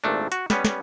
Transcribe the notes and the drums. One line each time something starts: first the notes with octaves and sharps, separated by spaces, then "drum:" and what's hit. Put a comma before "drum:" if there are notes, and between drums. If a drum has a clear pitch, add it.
G#1 A#2 A3 D4
F#4, drum: hi-hat
G3 B3 C#4, drum: snare
drum: snare